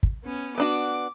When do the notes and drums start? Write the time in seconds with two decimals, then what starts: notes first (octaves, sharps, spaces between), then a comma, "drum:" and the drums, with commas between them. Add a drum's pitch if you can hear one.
0.03 drum: kick
0.25 B3 C#4
0.58 B3 D4 F#4 D6